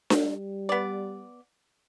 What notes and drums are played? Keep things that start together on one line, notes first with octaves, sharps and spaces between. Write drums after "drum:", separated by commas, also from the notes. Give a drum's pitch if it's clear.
drum: snare D4
G3
B3 D5